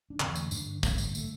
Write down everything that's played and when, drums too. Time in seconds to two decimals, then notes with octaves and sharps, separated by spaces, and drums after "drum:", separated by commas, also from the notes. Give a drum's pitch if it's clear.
0.10 D4
0.20 E2 D3 C4, drum: clap
0.36 A3, drum: tambourine
0.51 G2 D3 D4, drum: tambourine
0.83 G2 D3 C4, drum: kick, tambourine
0.98 G3, drum: tambourine
1.15 D3 A3, drum: tambourine